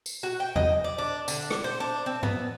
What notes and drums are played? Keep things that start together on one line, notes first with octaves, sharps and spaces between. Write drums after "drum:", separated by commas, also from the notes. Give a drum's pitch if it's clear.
drum: tambourine
F#4
G5
D#5, drum: tom E2
D5
D4
D3, drum: tambourine
drum: rim click
C5
D4
C4
B3, drum: tom G#2